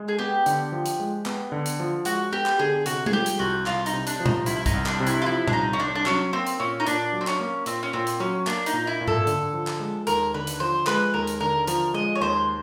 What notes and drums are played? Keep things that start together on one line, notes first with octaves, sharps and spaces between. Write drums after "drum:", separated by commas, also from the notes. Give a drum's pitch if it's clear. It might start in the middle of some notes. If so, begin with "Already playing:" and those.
Already playing: G#3
G#4
B3 G4
D3, drum: hi-hat
F3
drum: hi-hat
G#3
B3, drum: clap
D3
drum: hi-hat
F3
G#3 F#4, drum: hi-hat
B3 G4
drum: clap
D3 G#4
C3 F#4, drum: hi-hat
G#4, drum: tom G3
F3 G4
drum: hi-hat
C2 F#4
C2 F4, drum: clap
D#4, drum: hi-hat
C3
D4, drum: hi-hat
F3
D#4, drum: tom A#2
C2 E4, drum: hi-hat
E4
D#4, drum: kick, hi-hat
C2
D4, drum: clap
C3
E4, drum: hi-hat
F4
F3 E4
D4, drum: tom A#2
C2 D#4
C#4
C2 D4
D4
F#3 C#4, drum: clap
A#3 C4
drum: hi-hat
A#2 C#4
D#4
A#2 D4, drum: hi-hat
F#3
C4
C#4, drum: clap
A#3
A#2 C4, drum: hi-hat
C#4
A#2 C4
drum: hi-hat
F#3 C#4
A#3 D4, drum: clap
D#4, drum: hi-hat
A#2
E4
A#2
A4, drum: tom G#2
D3, drum: hi-hat
F3
drum: clap
G#3
D#2 A#4, drum: hi-hat
D3 B4
drum: hi-hat
F3 C5
G#3 B4, drum: clap
D#2 A#4
drum: hi-hat
D3 A#4
F3 A#4, drum: hi-hat
G#3 D#5
C#5
D#2 C5